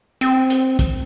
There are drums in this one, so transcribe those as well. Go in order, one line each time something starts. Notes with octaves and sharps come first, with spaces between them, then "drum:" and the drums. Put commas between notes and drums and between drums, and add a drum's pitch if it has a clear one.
C4, drum: hi-hat
drum: hi-hat
drum: kick, hi-hat